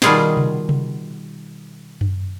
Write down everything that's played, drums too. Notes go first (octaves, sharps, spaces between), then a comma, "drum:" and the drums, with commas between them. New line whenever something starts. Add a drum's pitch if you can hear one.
B2 D#3 G3 F4 G#4 G#5, drum: snare
drum: tom C3
drum: tom C3
drum: tom F#2